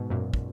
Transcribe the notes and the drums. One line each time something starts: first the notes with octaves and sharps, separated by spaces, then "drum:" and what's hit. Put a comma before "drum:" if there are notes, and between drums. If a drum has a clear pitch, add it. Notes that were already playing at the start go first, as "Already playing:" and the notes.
Already playing: G#2 B2
F#2 A#2
drum: kick